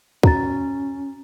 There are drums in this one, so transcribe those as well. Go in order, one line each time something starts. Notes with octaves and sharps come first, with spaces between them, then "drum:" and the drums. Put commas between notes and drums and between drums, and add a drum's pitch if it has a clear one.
C#4 F#4 A#5 A6, drum: kick